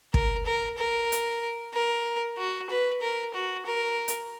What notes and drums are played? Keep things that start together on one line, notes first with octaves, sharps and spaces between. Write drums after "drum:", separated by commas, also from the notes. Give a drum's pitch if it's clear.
A#4, drum: kick
A#4
A#4
drum: hi-hat
A#4
F#4
B4
A#4
F#4
A#4
drum: hi-hat